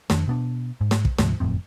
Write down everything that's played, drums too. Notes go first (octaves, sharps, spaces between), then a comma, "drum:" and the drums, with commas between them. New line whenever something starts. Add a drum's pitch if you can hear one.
F2 D#3 D4, drum: snare
B2 B3 D4
G#2
drum: snare
drum: kick
D2 G#2 C3 F3, drum: snare
F#1 F2 A2 C4